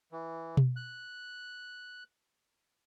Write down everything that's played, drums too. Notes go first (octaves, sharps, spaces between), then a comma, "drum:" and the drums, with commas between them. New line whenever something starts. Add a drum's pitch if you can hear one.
E3
drum: tom B2
F#6